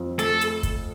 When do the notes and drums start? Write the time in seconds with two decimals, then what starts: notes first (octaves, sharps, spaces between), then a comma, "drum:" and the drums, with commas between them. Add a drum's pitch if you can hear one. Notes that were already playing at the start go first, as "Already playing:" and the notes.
Already playing: F2
0.19 A3 A4, drum: hi-hat
0.41 drum: hi-hat
0.63 drum: kick, hi-hat